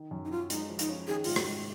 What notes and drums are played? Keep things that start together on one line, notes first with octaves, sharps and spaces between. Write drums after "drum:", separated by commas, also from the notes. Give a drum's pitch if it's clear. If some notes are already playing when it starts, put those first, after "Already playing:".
Already playing: D#3
F#2
D#4
F#3 F4
G#3 D#4, drum: hi-hat
F3
D#4, drum: hi-hat
C#4
D#3 G#4
G#2 F4, drum: open hi-hat
F#4, drum: rim click
G#3